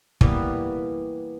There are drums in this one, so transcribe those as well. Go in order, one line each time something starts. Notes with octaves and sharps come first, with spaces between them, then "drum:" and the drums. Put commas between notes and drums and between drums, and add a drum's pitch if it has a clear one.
E3 G3 A#3 B3, drum: kick